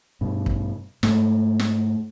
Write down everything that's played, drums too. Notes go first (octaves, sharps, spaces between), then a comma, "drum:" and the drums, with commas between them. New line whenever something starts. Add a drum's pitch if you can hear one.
G2 B2
drum: kick
G#2 A3, drum: snare
drum: snare